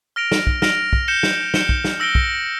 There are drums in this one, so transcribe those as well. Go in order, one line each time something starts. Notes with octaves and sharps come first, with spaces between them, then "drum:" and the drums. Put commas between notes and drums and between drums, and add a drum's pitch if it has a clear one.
F6 A#6 D7 F7
drum: snare
drum: kick
F6 A#6 D7 F7, drum: snare
drum: kick
G6 C#7 E7 G7
drum: snare
G6 C#7 E7 G7, drum: snare
drum: kick
drum: snare
E6 A#6 D7 G7
drum: kick